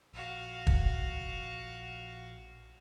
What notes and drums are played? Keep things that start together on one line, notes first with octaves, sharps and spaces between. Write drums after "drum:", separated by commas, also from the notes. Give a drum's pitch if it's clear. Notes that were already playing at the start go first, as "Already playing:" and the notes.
A#1 F#4 F5
drum: kick